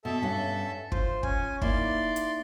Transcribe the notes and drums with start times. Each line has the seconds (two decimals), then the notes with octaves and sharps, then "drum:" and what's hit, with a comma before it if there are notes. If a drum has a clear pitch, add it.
0.05 B2 A4 E5 A5
0.22 G2 C#4 F#5
0.92 F4 C5, drum: kick
1.23 C#4 G#5, drum: kick
1.62 A#3 D#4 E4 D5 C6, drum: kick
2.16 drum: hi-hat